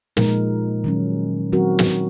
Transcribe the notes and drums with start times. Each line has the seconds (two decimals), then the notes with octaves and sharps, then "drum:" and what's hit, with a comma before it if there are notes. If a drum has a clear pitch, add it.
0.17 A#2 F3 G#3 D#4 A#4, drum: snare
0.84 D#3 F#3 C#4
1.53 D#3 F#3 C4 F#4 A#4
1.79 drum: snare